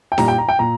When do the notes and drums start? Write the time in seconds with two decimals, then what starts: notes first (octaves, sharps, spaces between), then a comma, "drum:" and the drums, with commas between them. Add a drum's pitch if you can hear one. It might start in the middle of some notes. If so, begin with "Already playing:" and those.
0.12 G5
0.18 A#2 G3 A#5, drum: snare D#4
0.28 G5
0.38 A#5
0.49 G5
0.59 A#2 A#5